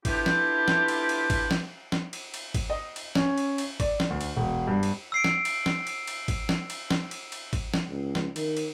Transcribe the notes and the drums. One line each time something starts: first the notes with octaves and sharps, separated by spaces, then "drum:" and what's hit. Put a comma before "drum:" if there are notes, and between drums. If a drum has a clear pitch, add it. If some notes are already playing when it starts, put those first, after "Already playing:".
A3 B3 D4 E4 F4 G4, drum: kick G#1, cymbal
drum: snare
drum: snare
drum: cymbal
drum: cymbal
drum: kick G#1, cymbal
drum: snare
drum: snare
drum: cymbal
drum: cymbal
drum: kick G#1, cymbal
D#5
drum: cymbal
C#4, drum: snare
drum: cymbal
drum: cymbal
D5, drum: kick G#1, cymbal
drum: snare
D2
drum: cymbal
E1
G2
drum: cymbal
E6 C7 D7
drum: snare
drum: cymbal
drum: snare
drum: cymbal
drum: cymbal
drum: kick G#1, cymbal
drum: snare
drum: cymbal
drum: snare
drum: cymbal
drum: cymbal
drum: kick G#1, cymbal
drum: snare
C#2
drum: snare
D#3, drum: cymbal
drum: cymbal